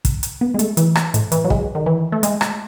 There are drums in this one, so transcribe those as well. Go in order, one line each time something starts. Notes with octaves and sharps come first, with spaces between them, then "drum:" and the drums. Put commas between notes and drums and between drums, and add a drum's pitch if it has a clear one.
drum: kick, hi-hat
drum: hi-hat
B3
G#3
A3, drum: hi-hat
E3, drum: hi-hat
drum: rim click
A2, drum: hi-hat
E3, drum: hi-hat
F#3
G#3, drum: kick
D#3
E3
A3
G#3, drum: hi-hat
drum: rim click